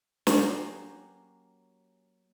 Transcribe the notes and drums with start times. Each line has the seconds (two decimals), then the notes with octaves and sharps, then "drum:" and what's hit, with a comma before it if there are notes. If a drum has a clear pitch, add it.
0.27 F#3 A#3 C#4 G4, drum: snare